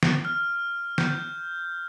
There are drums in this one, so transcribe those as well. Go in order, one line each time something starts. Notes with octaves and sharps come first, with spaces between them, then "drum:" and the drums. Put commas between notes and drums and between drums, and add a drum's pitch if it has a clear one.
drum: snare
F6
G6, drum: snare